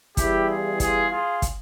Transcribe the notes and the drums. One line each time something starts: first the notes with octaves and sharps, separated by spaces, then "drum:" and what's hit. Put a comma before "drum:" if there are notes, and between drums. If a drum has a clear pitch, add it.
E2 E3 G3 E4 G4, drum: kick, hi-hat
F4 G#4
F4 G#4, drum: kick, hi-hat
F4 G#4
drum: kick, hi-hat